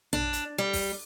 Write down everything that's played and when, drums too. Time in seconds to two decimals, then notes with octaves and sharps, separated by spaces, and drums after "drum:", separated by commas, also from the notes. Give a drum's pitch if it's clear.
0.13 D4, drum: tom A#1
0.33 drum: hi-hat
0.58 G3
0.73 drum: kick, open hi-hat